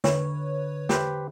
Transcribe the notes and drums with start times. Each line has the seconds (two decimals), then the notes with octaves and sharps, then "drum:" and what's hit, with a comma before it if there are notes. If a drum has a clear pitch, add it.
0.04 D3 B4 C#5, drum: snare
0.89 G4 B4 C5, drum: snare